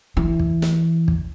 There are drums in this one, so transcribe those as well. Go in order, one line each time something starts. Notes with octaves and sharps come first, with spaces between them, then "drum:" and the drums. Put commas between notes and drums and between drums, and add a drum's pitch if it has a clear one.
E3
drum: kick
drum: snare
drum: kick